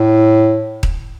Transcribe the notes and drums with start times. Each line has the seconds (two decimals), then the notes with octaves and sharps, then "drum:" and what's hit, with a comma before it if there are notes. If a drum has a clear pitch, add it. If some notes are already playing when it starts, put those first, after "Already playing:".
Already playing: A2
0.83 drum: kick D#1